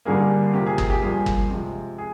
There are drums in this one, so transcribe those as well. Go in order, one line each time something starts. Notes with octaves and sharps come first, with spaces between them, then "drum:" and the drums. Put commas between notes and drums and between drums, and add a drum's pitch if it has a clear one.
G2 D3 G3 A#3 G#4
C3 F3 A#3 G4
G#4
G#4, drum: kick
G4
G2 F3 A#3 G#4
drum: kick
C3 F3 G#3
G#4